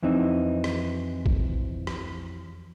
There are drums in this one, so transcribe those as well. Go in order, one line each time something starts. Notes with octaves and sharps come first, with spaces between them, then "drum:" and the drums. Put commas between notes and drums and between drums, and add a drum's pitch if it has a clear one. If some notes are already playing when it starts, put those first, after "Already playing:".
F2 E3 C4 D#4
drum: rim click
drum: kick A#1
drum: rim click